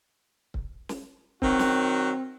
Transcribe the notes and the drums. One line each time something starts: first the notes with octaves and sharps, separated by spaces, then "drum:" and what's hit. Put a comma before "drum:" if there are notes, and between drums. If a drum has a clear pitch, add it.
drum: kick C#1
drum: snare
D#3 F#3 C4 F#4, drum: kick C#1
drum: snare